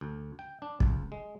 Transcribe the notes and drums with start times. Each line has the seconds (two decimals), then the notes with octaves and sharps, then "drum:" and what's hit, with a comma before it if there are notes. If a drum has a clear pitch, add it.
0.01 D2
0.39 G5
0.62 D4
0.80 C#2, drum: kick
1.12 G#3